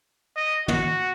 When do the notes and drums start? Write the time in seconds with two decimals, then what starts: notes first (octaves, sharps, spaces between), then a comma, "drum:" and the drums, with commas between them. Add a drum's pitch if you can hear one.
0.36 D#5
0.68 F#4, drum: tom